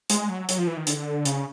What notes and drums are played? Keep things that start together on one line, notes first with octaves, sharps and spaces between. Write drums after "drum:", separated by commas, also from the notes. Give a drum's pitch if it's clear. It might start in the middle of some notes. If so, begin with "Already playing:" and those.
G#3, drum: hi-hat
F#3
F#3, drum: hi-hat
F3
E3
D#3
D3, drum: hi-hat
C#3, drum: hi-hat